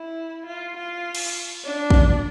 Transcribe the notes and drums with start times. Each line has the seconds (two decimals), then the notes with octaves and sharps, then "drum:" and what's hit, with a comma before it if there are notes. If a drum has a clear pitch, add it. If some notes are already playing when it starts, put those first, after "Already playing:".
Already playing: E4
0.47 F4
0.76 F4
1.15 drum: cymbal
1.64 D4
1.90 drum: kick